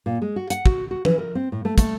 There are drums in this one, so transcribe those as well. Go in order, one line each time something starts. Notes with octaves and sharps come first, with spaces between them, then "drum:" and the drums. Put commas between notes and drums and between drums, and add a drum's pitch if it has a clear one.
A#2
G#3
F#4
F#5, drum: hi-hat
F#4, drum: kick
F#4
E3, drum: tom F3
A#4
C4
A2
A3
A3, drum: kick, hi-hat